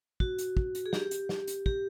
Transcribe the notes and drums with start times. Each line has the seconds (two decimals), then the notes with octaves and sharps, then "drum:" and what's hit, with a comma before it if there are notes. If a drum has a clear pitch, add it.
0.20 F#4, drum: kick
0.38 drum: hi-hat
0.57 drum: kick
0.75 drum: hi-hat
0.86 G#4
0.93 G4, drum: snare
1.11 drum: hi-hat
1.29 drum: snare
1.47 drum: hi-hat
1.66 G4, drum: kick